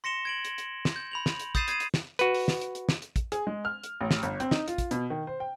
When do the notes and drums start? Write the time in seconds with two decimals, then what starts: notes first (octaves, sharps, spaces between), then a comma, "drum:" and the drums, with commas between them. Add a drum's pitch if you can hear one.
0.04 C6 A#6 C#7 E7 G7
0.25 G#6 D7 F#7
0.45 drum: hi-hat
0.58 drum: hi-hat
0.85 drum: snare
0.96 G6
1.11 B5 F7 F#7
1.26 drum: snare
1.39 drum: hi-hat
1.55 D#6 G6 A6 C7 D#7 E7, drum: kick, hi-hat
1.68 G6 G#6 C7 D#7, drum: hi-hat
1.80 drum: hi-hat
1.94 drum: snare
2.19 F#4 B4, drum: hi-hat
2.34 drum: open hi-hat
2.48 drum: snare
2.61 drum: hi-hat
2.75 drum: hi-hat
2.89 drum: snare
3.02 drum: hi-hat
3.16 drum: kick, hi-hat
3.32 G#4, drum: hi-hat
3.47 G#3
3.65 F6
3.84 drum: hi-hat
4.01 A1
4.11 drum: snare
4.23 G1, drum: hi-hat
4.40 C4, drum: hi-hat
4.51 D#4, drum: snare
4.68 F4, drum: hi-hat
4.78 drum: kick, hi-hat
4.91 B2, drum: hi-hat
5.10 D#3
5.27 C5
5.40 G5